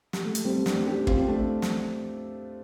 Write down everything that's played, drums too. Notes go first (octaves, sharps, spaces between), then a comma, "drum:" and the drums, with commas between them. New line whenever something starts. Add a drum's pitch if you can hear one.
G3, drum: snare
A3
drum: hi-hat
G3 C4
A3 D4, drum: snare
D4 G4
C4 F4, drum: kick
A3 D4
drum: snare